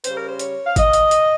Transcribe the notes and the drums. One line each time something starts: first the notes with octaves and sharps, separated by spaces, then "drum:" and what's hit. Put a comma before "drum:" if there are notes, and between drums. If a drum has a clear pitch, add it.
C#3 G3 C#4 C5, drum: hi-hat
A#4
C5
C#5, drum: hi-hat
F5
D#5, drum: kick, hi-hat
drum: hi-hat
drum: hi-hat